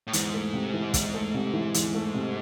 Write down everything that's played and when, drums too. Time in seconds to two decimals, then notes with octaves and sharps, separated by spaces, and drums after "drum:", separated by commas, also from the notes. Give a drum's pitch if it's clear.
0.07 A2
0.13 E2 G#2, drum: hi-hat
0.34 A3
0.54 C3
0.74 E3
0.94 E2, drum: kick, hi-hat
1.14 A3
1.34 C3
1.54 E3
1.74 E2, drum: hi-hat
1.94 A3
2.14 C3